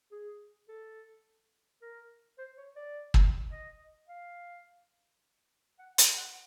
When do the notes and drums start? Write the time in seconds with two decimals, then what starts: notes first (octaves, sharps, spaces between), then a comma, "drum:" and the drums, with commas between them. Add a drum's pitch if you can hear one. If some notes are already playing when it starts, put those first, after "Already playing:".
0.12 G#4
0.69 A4
1.82 A#4
2.38 C5
2.58 C#5
2.76 D5
3.14 drum: kick
3.52 D#5
4.08 F5
5.79 F#5
5.98 G5, drum: hi-hat
6.17 F#5